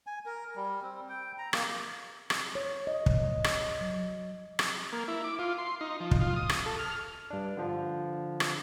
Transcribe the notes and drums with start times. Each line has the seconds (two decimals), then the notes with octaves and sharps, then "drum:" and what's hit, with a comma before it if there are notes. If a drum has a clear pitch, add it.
0.07 G#5
0.26 A#4
0.56 G3
0.82 C4
1.09 G5
1.38 A#5
1.53 A#3, drum: rim click
2.30 drum: rim click
2.55 C#5
2.87 D#5
3.06 drum: kick
3.44 drum: rim click
3.81 F#3
4.59 drum: rim click
4.93 A#3
5.08 E4
5.24 D6
5.39 F4
5.58 C6
5.81 D#4
6.00 F3
6.11 drum: kick
6.21 F4
6.36 D#6
6.49 drum: rim click
6.66 A4
6.79 F6
7.30 G2 D4
7.57 D3 F3
8.40 drum: rim click